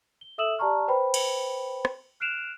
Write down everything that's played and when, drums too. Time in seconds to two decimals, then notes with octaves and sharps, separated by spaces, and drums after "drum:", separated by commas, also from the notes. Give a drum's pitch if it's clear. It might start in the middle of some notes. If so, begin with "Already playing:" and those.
0.21 G7
0.38 A4 E5 D#6 E6 E7 F#7
0.58 G4 D5 A5 A#5 C#6 F6
0.88 B4 C5 G5 B5
1.14 drum: cymbal
1.85 drum: rim click
2.20 F6 F#6 C7 D7 E7 F7